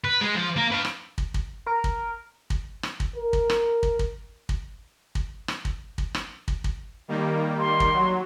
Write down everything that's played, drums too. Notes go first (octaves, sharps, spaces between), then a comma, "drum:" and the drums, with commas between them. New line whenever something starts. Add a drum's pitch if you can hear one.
B4
G#3
F3
A#3 A#4
B4 F5
drum: rim click
drum: kick
drum: kick
A#4
drum: kick
drum: kick
drum: rim click
drum: kick
A#4
drum: kick
drum: rim click
drum: kick
drum: kick
drum: kick
drum: kick
drum: rim click
drum: kick
drum: kick
drum: rim click
drum: kick
drum: kick
D#3 G3 A#3
C6
drum: kick
F#3